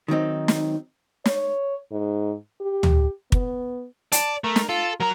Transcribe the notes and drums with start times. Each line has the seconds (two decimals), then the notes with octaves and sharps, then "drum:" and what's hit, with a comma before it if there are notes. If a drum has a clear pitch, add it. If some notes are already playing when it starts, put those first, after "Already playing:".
0.08 D#3 F#3 C4 D#4
0.48 drum: snare
1.26 C#5, drum: snare
1.92 G#2
2.61 G4
2.83 drum: tom
3.32 B3, drum: kick
4.12 D5 A5, drum: hi-hat
4.44 A3 A#4
4.56 drum: snare
4.69 F4 A4
5.00 F#3 A#4 A#5